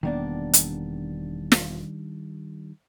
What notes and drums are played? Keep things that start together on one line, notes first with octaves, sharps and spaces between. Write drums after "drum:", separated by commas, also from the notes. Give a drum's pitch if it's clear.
E1 D#3 G3 A#3 B3 D4
drum: hi-hat
drum: snare